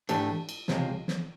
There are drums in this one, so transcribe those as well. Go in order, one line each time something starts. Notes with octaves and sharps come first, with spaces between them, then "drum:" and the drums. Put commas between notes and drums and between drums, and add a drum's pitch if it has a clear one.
G#2 E3 A3 D4 G4, drum: cymbal
drum: cymbal
C#2 C3 F3 G#3, drum: snare
drum: snare